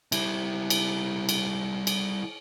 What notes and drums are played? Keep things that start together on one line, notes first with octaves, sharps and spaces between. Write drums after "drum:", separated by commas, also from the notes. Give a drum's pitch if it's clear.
G3 E4, drum: cymbal
drum: cymbal
drum: cymbal
drum: cymbal